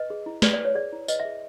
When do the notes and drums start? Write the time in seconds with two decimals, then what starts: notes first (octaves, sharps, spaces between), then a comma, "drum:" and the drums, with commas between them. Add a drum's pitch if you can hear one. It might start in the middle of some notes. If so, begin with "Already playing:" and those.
Already playing: B4 D#5
0.10 G#4
0.26 E4
0.42 B4 D5, drum: snare
0.53 D5
0.60 B4
0.65 C#5
0.75 G#4 D5
0.93 E4
1.08 B4 D#5, drum: tambourine
1.20 E5
1.25 G#4